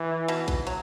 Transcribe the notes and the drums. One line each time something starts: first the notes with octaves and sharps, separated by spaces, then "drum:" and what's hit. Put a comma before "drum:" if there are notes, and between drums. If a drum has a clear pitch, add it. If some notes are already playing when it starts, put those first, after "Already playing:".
Already playing: E3
B2, drum: hi-hat
drum: kick A#1, hi-hat
F#3, drum: hi-hat